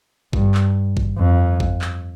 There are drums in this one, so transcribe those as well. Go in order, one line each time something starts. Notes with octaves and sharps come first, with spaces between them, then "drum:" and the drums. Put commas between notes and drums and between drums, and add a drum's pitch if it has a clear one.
G2, drum: kick G#1
drum: clap
drum: kick G#1
F2
drum: kick G#1
drum: clap